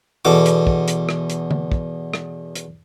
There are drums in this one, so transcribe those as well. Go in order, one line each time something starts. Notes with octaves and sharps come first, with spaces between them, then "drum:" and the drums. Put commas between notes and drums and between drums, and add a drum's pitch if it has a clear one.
E2 B2 A4 D6
drum: hi-hat
drum: kick
drum: hi-hat
drum: rim click
drum: hi-hat
drum: tom D3
drum: kick
drum: rim click
drum: hi-hat